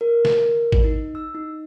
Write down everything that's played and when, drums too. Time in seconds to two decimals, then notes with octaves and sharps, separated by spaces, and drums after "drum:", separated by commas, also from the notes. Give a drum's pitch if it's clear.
0.01 A#4
0.25 drum: snare
0.72 drum: kick G#1
0.84 D#4
1.15 E6
1.35 D#4